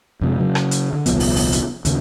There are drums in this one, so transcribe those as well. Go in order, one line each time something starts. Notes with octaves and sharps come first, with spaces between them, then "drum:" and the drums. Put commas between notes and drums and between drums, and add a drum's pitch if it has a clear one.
F2 C3 G#3
C#3 F#3
drum: rim click
drum: hi-hat
D3
D#1 C2 F3 B3, drum: hi-hat
drum: open hi-hat
drum: open hi-hat
drum: hi-hat
D#2 C#3 A#3, drum: hi-hat